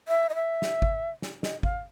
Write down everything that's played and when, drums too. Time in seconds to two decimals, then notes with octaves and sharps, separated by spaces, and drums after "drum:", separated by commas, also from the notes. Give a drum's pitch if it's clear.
0.08 E5
0.29 D#5
0.35 E5
0.62 drum: snare
0.82 drum: kick
1.22 drum: snare
1.43 D#5, drum: snare
1.63 F5, drum: kick